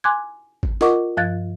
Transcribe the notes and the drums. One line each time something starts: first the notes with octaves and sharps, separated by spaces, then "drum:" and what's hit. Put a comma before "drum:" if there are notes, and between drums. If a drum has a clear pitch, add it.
G#5 C6 D6 F#6 G#6
drum: kick G#1
F4 A#4 D#5 F#5 C#6 D6, drum: snare
G2 F3 F5 F#6 G#6 A6